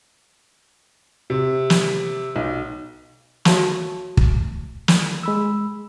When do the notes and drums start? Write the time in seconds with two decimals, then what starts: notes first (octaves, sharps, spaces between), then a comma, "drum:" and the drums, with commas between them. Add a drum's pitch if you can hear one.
1.30 C3
1.70 drum: snare
2.36 B1
3.45 F#4 C#5 E5 F5 A5 C#6, drum: snare
4.17 drum: kick
4.88 drum: snare
5.23 G#3 B5 E6